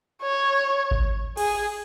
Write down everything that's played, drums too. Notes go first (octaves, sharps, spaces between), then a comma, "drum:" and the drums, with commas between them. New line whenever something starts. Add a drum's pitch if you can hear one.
C#5
drum: kick G#1
G#4, drum: cymbal